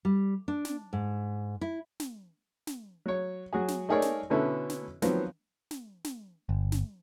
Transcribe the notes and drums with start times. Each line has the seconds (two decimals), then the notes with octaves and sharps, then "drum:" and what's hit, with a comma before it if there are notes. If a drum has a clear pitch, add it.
0.05 G3
0.48 D4
0.65 drum: snare
0.93 G#2
1.61 E4
2.00 drum: snare
2.67 drum: snare
3.06 F#3 C#5
3.53 F#3 F#4 G#4
3.68 drum: snare
3.89 A3 D#4 G#4 A#4 C#5 D5
4.02 drum: snare
4.30 B2 D3 B3 C#4 E4 A4
4.70 drum: snare
5.02 D#3 F3 F#3 B3 C4, drum: snare
5.71 drum: snare
6.04 drum: snare
6.49 G1
6.72 drum: snare